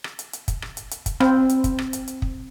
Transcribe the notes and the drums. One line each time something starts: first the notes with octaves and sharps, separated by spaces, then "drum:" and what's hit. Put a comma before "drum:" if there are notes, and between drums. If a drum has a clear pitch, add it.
drum: rim click
drum: hi-hat
drum: hi-hat
drum: kick, hi-hat
drum: rim click
drum: hi-hat
drum: hi-hat
drum: kick, hi-hat
C4, drum: rim click
drum: hi-hat
drum: kick, hi-hat
drum: rim click
drum: hi-hat
drum: hi-hat
drum: kick